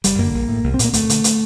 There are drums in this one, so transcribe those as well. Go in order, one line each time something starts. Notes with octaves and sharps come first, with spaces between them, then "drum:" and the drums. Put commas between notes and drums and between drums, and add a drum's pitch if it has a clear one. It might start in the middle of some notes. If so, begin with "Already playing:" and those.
F#1 G3, drum: hi-hat
F#2 D3 A#3
A#1
A2
C2
C4
A#2, drum: hi-hat
A#3
D2 A3, drum: hi-hat
D3, drum: hi-hat
drum: hi-hat